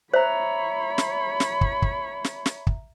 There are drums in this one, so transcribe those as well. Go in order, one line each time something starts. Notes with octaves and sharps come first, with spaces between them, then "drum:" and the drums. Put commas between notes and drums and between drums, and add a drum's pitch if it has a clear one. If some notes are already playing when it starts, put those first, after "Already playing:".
C5 C#5 E5 A#5 B5
drum: snare
drum: snare
drum: kick
drum: kick
drum: snare
drum: snare
drum: kick